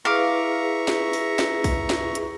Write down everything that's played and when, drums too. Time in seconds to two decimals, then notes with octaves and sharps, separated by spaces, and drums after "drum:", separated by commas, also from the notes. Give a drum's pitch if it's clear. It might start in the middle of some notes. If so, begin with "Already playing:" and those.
0.05 E4 G#4 B4 E5 F5 A#5 C#6 D6
0.62 G#4
0.88 drum: snare
1.13 drum: open hi-hat
1.39 drum: snare
1.64 drum: kick, open hi-hat
1.90 drum: snare
2.15 drum: hi-hat